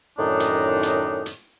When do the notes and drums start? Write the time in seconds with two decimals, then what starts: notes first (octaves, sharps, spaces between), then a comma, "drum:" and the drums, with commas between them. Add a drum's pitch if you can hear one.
0.18 F#2 A2 D#3 D4 D#4
0.40 drum: hi-hat
0.83 drum: hi-hat
1.26 drum: hi-hat